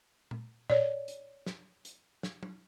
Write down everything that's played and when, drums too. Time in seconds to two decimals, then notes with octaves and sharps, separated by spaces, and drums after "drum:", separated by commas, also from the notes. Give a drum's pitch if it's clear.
0.31 drum: tom A#2
0.70 C#5 D5, drum: tom A#2
1.08 drum: hi-hat
1.46 drum: snare
1.85 drum: hi-hat
2.23 drum: snare
2.43 drum: tom